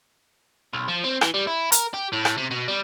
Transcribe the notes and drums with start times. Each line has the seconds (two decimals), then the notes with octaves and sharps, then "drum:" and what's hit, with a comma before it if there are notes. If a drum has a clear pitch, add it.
0.73 B1
0.88 F3
1.04 C4
1.21 E3, drum: rim click
1.34 G3
1.47 E4
1.72 A#4, drum: hi-hat
1.94 G4
2.13 A2
2.25 drum: rim click
2.37 C3
2.51 B2
2.68 G3